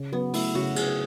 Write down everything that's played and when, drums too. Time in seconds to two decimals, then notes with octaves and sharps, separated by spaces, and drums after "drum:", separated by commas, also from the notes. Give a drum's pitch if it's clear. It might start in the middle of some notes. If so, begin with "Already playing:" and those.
Already playing: C#3
0.12 F#3 B3
0.33 A3 E4, drum: open hi-hat
0.54 C#3 F#4
0.76 C#3 G#4, drum: cymbal